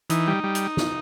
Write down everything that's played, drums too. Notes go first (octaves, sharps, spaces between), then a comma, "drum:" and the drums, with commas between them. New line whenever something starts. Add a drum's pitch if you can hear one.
E3 D#4, drum: hi-hat
G3
G3
drum: hi-hat
drum: snare